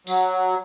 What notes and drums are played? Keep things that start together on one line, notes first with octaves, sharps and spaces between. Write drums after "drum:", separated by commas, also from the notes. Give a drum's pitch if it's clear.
F#3, drum: tambourine